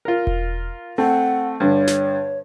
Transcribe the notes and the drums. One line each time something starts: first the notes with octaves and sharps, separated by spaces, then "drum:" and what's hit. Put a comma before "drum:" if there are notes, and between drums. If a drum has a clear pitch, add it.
F4 A#4
drum: kick E1
A3 C4 F#5
G2 D3 C#5
drum: snare